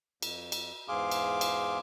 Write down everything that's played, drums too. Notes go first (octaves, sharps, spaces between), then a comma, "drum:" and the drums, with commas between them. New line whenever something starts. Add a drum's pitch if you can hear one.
F2, drum: cymbal
drum: cymbal
E2 G#2 G#4 F5 C6 D6
drum: cymbal
drum: cymbal